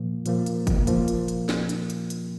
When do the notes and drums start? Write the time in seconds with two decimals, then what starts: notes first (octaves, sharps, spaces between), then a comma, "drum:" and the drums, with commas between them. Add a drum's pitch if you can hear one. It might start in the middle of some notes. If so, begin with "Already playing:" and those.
Already playing: A#2 F3 A#3
0.26 A#2 F3 A#3, drum: hi-hat
0.46 drum: hi-hat
0.67 drum: kick, hi-hat
0.87 A#2 F3 A#3, drum: hi-hat
1.08 drum: hi-hat
1.28 drum: hi-hat
1.49 drum: snare
1.69 drum: hi-hat
1.90 drum: hi-hat
2.10 drum: hi-hat